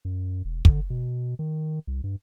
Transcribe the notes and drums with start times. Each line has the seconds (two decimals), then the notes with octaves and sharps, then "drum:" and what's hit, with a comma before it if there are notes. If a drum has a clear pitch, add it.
0.05 F#2
0.45 E1
0.65 D3, drum: kick
0.90 B2
1.39 D#3
1.87 C2
2.04 G2